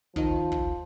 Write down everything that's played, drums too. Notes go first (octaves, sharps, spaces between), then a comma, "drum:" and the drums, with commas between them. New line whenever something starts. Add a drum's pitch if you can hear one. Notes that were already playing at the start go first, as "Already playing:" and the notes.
D#3 F3 D#4, drum: kick
drum: kick